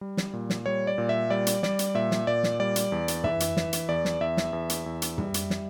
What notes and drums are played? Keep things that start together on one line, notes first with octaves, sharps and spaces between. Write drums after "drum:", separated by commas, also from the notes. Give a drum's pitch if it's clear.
G3
drum: snare
A#2
drum: snare
G3 C#5
D5
A#2
E5
G3 D5
drum: hi-hat
G3 D5, drum: snare
drum: hi-hat
A#2 E5
drum: snare
A#2 D5
drum: snare
G3 D5
drum: hi-hat
E2
drum: hi-hat
E3 E5, drum: tom
drum: hi-hat
E3, drum: snare
drum: hi-hat
E2 D5
drum: snare
E2 E5
drum: snare
E2
drum: hi-hat
E2
drum: hi-hat
G3, drum: tom
drum: hi-hat
drum: snare